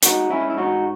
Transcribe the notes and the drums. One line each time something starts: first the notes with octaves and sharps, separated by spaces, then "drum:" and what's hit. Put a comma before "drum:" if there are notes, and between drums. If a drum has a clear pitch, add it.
G#3 D#4 F#4, drum: hi-hat
G#3 C#4 E4
E4
G#2 D#4 F#4